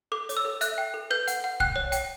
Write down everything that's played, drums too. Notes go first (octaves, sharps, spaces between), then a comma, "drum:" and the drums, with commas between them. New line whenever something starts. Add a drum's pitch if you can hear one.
A4 D6
C#5, drum: hi-hat
E6
A4
E5 F#6, drum: hi-hat
G5
A4
B4 G6
F#5, drum: hi-hat
F#5
G5 F#6, drum: kick
C#5
G5, drum: hi-hat